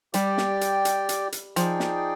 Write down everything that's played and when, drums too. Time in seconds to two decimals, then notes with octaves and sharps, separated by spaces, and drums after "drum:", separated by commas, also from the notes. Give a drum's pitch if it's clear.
0.14 G3 G4 D5 G5, drum: hi-hat
0.38 drum: snare
0.61 drum: hi-hat
0.85 drum: hi-hat
1.09 drum: hi-hat
1.32 drum: hi-hat
1.56 F3 D#4 G#4 D5 G5, drum: hi-hat
1.80 drum: snare